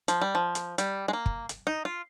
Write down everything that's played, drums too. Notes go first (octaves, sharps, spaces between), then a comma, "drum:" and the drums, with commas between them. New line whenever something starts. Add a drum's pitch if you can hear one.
F3, drum: hi-hat
G3
F3
drum: hi-hat
G3, drum: hi-hat
G#3
A#3
drum: kick
drum: hi-hat
D#4
F4